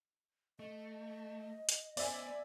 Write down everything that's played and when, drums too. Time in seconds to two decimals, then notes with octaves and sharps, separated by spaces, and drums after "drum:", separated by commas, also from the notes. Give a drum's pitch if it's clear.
0.59 A3 D#5
1.69 drum: hi-hat
1.97 B3 C5 D5 E5 G#5, drum: open hi-hat